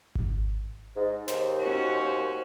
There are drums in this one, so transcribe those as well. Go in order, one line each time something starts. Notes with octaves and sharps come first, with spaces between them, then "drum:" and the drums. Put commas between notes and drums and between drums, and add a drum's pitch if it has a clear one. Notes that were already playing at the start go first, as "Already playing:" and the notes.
drum: kick G#1
G#2
D#2 C5, drum: snare
C#4 F#4